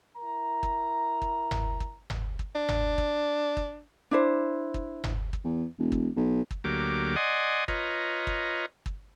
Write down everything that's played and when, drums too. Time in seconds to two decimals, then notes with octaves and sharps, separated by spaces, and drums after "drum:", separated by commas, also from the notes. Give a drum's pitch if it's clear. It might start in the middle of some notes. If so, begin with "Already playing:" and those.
0.17 E4 A#4 A#5
0.63 drum: kick
1.22 drum: kick
1.51 drum: tom G1
1.80 drum: kick
2.10 drum: tom G1
2.39 drum: kick
2.55 D4
2.69 drum: tom G1
2.98 drum: kick
3.57 drum: kick
4.11 D4 E4 C5
4.74 drum: kick
5.04 drum: tom G1
5.33 drum: kick
5.44 E2
5.79 E1
5.92 drum: kick
6.16 B1
6.51 drum: kick
6.64 D2 F#3 A#3 G4 D6
7.16 D5 D#5 F#5 G#5 C6 D#6
7.68 F4 B4 C#5 D#5 A#5, drum: kick
8.27 drum: kick
8.86 drum: kick